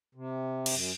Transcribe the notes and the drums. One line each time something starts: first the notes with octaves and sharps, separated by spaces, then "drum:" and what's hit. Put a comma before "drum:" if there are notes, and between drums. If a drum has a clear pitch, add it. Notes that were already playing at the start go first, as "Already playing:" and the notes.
C3
G2, drum: cymbal
F#2